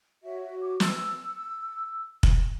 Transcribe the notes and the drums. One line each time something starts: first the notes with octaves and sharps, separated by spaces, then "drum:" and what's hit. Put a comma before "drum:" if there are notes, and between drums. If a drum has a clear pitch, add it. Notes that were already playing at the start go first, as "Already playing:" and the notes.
F#4 C#5 E5
E5
D6
E6, drum: snare
drum: kick